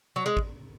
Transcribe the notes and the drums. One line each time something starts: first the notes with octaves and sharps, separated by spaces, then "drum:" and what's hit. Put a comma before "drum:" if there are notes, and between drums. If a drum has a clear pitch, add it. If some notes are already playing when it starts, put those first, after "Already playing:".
F#3
G#3
drum: kick